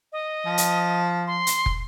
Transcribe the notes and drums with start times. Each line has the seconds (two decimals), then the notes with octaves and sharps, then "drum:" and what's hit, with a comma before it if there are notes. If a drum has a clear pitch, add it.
0.12 D#5
0.46 F3
0.58 drum: hi-hat
1.27 C6
1.47 drum: hi-hat
1.66 drum: kick